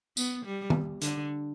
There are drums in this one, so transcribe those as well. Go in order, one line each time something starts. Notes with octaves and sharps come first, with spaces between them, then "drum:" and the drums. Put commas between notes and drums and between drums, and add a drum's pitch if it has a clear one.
B3, drum: tambourine
G3
drum: tom D#3
D3, drum: hi-hat